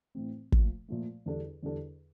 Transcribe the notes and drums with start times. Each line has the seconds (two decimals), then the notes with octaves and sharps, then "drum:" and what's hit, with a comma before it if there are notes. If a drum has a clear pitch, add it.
0.15 A2 E3 A3 C4
0.52 A#2 F3 A3, drum: kick
0.88 A#2 F3 A3
1.26 E2 D3 G3 D4 A4
1.63 E2 D3 G3 D4 A4